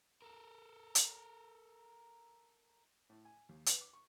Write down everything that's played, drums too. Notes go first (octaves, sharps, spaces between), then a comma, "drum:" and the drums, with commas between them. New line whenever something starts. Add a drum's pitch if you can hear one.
A4 A#4
drum: hi-hat
A2
G#5
D#2
B4, drum: hi-hat
D6
C#6